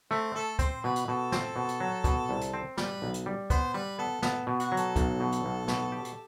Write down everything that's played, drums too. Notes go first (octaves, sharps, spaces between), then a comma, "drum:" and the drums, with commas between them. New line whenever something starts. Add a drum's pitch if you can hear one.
A3 C4
A3 A4
C4 C5, drum: kick, hi-hat
B2 B4
drum: hi-hat
B2 A4
C4, drum: snare
B2
drum: hi-hat
F#3
B2, drum: kick, hi-hat
C2
drum: hi-hat
C4
G3 B4, drum: snare
B1
drum: hi-hat
G3
B3 C5, drum: kick, hi-hat
G3 B4
B3 A4
B3 A4, drum: snare
B2
F#4, drum: hi-hat
F#3
A4, drum: hi-hat
B1, drum: kick, hi-hat
B2
drum: hi-hat
B1
B2, drum: snare
G4
drum: hi-hat